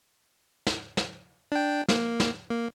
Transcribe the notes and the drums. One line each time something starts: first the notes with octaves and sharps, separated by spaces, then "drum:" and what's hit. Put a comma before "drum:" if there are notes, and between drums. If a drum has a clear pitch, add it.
drum: snare
drum: snare
D4 G5
A#3, drum: snare
drum: snare
A#3